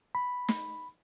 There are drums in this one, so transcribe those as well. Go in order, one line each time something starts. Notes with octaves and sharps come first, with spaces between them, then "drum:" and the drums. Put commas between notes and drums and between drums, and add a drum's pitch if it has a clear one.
B5
drum: snare